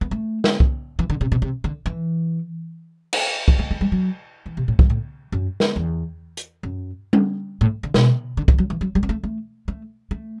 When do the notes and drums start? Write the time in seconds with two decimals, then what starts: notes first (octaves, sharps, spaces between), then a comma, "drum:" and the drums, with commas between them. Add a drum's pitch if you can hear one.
0.01 B3
0.11 A3
0.44 drum: snare
0.60 drum: kick C2
0.99 E3
1.10 D3
1.21 C3
1.32 B2
1.42 C3
1.64 D3
1.86 E3
3.13 drum: cymbal
3.48 drum: kick C2
3.59 A3
3.71 A3
3.81 G3
3.92 F#3
4.46 E3
4.57 C3
4.68 A2
4.79 G2, drum: kick C2
4.90 A2
5.32 F#2
5.60 drum: snare
5.76 E2
6.37 drum: hi-hat
6.63 F#2
7.13 drum: tom G3
7.61 A2
7.83 D3
7.94 B2, drum: snare
8.37 D3
8.48 E3, drum: kick C2
8.58 F#3
8.70 E3
8.81 F#3
8.95 G3
9.03 B3
9.09 A3
9.24 A3
9.68 A3
10.11 A3